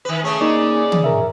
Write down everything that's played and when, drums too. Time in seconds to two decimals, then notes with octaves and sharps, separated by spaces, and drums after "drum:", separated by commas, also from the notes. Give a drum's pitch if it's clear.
0.05 D#3 B4
0.24 C#3 A3 C#4 G#4
0.41 A#3 D#4 D5
0.92 drum: tom
1.04 A#4 E5